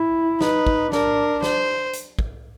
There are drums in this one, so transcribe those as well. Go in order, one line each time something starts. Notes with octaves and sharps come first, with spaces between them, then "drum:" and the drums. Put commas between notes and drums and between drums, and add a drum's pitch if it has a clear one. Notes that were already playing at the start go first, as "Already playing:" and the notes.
Already playing: E4
D#4 B4, drum: snare
drum: kick
D4 A#4, drum: snare
C5, drum: snare
drum: hi-hat
drum: kick